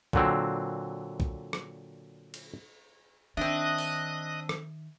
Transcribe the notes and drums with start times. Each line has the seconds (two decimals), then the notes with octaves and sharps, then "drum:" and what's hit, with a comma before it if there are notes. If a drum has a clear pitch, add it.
0.13 A#2 D3 F#3 C4, drum: kick
1.20 drum: kick
1.53 drum: rim click
2.34 drum: cymbal
3.37 D#3 C4 D4 D#5 E5 D#6 F#6
3.78 drum: open hi-hat
4.49 drum: rim click